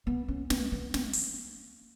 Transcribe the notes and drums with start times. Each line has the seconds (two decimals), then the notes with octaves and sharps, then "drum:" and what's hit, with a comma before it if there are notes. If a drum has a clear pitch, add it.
0.07 B3
0.28 C#4
0.50 B3, drum: snare
0.72 B3
0.94 A#3, drum: snare
1.13 drum: open hi-hat